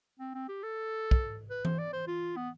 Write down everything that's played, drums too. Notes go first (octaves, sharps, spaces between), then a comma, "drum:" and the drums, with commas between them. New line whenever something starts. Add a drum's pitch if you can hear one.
C4
C4
G4
A4
drum: kick
B4
C5, drum: tom E3
D5
C5
F4
B3